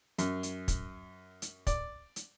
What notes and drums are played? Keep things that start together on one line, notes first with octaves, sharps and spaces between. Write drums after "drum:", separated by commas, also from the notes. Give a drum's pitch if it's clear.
F#2, drum: hi-hat
drum: hi-hat
drum: kick, hi-hat
drum: hi-hat
D5, drum: kick, hi-hat
drum: hi-hat